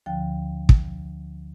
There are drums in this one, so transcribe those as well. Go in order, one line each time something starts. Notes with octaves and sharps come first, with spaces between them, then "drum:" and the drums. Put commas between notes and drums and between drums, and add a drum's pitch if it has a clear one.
D2 D3 F3 G5
drum: kick